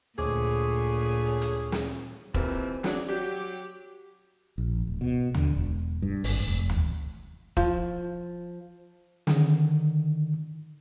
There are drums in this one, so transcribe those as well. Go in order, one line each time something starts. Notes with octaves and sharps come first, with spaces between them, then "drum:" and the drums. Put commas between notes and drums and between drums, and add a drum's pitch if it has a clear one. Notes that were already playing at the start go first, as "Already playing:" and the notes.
D2 A#2 D3 C#4 G#4 D6
drum: hi-hat
drum: snare
D#2 A#2 E3 C4, drum: kick E1
F#3 D4, drum: snare
F#3 G4
A#1
D1
B2
D3, drum: tom D2
E1
G2
G#1, drum: open hi-hat
F1
drum: tom D2
F3, drum: kick E1
D3 D#3, drum: snare